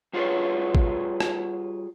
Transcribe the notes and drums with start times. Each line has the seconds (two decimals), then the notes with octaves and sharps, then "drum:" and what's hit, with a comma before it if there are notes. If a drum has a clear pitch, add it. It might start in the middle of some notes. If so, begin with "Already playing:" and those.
0.13 G3 F4 F#4 G#4 B4 C#5
0.75 drum: kick
1.20 drum: rim click